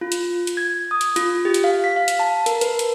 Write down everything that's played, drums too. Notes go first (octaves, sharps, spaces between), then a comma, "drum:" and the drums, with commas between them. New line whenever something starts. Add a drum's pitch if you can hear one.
F4
drum: hi-hat
drum: hi-hat
G#6
D#6
drum: hi-hat
F4, drum: hi-hat
G4
drum: hi-hat
F5
B6
F5
drum: hi-hat
A5
A#4, drum: hi-hat
B4, drum: hi-hat
drum: hi-hat